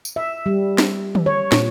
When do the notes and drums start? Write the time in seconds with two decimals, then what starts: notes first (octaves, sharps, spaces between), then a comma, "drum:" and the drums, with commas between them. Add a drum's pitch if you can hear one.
0.05 drum: tambourine
0.16 E5
0.46 G3
0.78 drum: snare
1.15 drum: tom
1.26 C#5
1.52 A#2, drum: snare